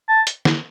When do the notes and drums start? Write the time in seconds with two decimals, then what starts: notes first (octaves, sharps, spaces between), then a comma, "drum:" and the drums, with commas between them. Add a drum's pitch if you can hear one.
0.09 A5
0.27 drum: hi-hat
0.45 drum: snare